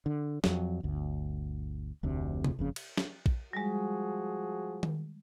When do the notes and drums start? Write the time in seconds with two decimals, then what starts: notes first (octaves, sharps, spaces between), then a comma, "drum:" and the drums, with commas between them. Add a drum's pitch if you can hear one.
0.06 D3
0.44 F2 F#3, drum: snare
0.83 G1 D2
2.03 F1 D2 C3
2.44 drum: tom C3
2.59 F#1 F2 C#3
2.76 drum: cymbal
2.97 drum: snare
3.26 drum: kick A#1
3.53 F3 G3 G#3 F#4 G#4
4.83 drum: tom D#3